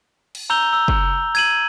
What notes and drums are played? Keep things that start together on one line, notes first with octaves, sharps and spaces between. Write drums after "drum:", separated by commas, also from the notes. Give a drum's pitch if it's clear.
drum: cymbal
A#5 E6 G6 F7 G7
E6
drum: kick
G#6 D#7 F#7, drum: open hi-hat